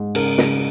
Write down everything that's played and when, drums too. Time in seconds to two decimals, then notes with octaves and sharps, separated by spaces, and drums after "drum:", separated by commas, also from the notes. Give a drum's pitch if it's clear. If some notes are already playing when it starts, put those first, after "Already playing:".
Already playing: G#2
0.15 C#3 A#4, drum: cymbal
0.38 C#3, drum: snare